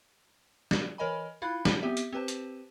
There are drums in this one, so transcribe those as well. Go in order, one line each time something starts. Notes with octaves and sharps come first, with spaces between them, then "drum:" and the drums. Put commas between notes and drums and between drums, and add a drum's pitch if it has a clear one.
drum: snare
E3 A#4 C#5 D#5 G#5 B5
E4 F4 F5 B5 F#6 G#6
drum: snare
B3 C4 G4 E5
drum: hi-hat
C4 G4 B4 C5 A5
drum: hi-hat